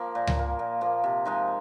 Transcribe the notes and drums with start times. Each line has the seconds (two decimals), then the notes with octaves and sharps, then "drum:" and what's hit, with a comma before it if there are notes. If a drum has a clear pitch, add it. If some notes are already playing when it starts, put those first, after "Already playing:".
Already playing: F3 A#3
0.15 A#2
0.27 drum: tom C#2
0.37 F3 A#3
0.59 A#2
0.81 F3 A#3
1.04 C3
1.25 F3 G#3 D#4